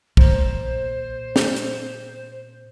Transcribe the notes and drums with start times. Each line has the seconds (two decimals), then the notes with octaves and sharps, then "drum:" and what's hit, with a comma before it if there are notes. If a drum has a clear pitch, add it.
0.17 A#2 C5, drum: kick
1.36 drum: snare
1.56 drum: hi-hat